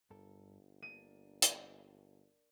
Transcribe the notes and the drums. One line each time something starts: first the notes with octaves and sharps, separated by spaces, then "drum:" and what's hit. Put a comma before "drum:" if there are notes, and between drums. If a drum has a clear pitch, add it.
G1 G2 A4 A#4
A#3 D4 D#7
drum: hi-hat